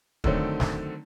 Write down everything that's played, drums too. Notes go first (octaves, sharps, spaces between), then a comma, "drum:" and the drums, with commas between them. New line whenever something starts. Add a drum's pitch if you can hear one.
D3 D#3 F#3 A3 C4, drum: kick
drum: snare